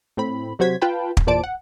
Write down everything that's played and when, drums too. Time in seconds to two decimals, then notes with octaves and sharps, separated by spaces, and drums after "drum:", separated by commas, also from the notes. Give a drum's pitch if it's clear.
0.17 A2 C4 B5
0.59 C3 F#3 F#4 C5 G#6 B6
0.81 F4 B4 F5 G5 A5 B5
1.17 drum: kick
1.27 E2 A#2 C5 D5 A5 D7
1.44 F#5